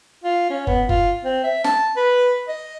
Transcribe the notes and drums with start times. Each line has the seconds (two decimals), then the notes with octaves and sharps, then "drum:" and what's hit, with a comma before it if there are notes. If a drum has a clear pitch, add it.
0.24 F4
0.50 C#4
0.67 B3, drum: kick
0.89 F4, drum: kick
1.25 C4
1.44 E5
1.64 A5, drum: snare
1.97 B4
2.48 D#5